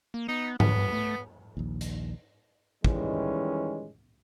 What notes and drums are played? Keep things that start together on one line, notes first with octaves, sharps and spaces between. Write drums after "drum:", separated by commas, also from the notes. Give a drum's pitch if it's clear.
A#3
B3 D#4
D3 B3, drum: tom G#2
G2
A3
A#1 D#2
drum: hi-hat
D#3 E3 G3 G#3 C#4, drum: kick